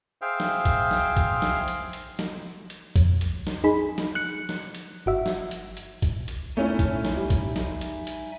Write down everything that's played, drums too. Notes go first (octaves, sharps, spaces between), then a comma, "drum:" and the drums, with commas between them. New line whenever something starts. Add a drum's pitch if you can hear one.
G#4 C5 E5 F5 G5
drum: snare
drum: kick, hi-hat
drum: snare
drum: kick, hi-hat
drum: snare
drum: hi-hat
drum: hi-hat
drum: snare
drum: hi-hat
F2, drum: kick, hi-hat
drum: hi-hat
drum: snare
D#4 G#4 B5
drum: snare
F#6 C#7
drum: snare
drum: hi-hat
G1 F#4 E5
drum: snare
drum: hi-hat
drum: hi-hat
drum: kick, hi-hat
drum: hi-hat
A3 C#4 D#4 E4 E5 G#5
drum: kick, hi-hat
drum: snare
G3
drum: kick, hi-hat
drum: snare
drum: hi-hat
drum: hi-hat